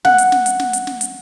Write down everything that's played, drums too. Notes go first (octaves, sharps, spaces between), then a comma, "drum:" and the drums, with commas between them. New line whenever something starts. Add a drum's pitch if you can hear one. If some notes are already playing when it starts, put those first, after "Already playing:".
F#5, drum: snare
drum: hi-hat
drum: snare
drum: hi-hat
drum: snare
drum: hi-hat
drum: snare
drum: hi-hat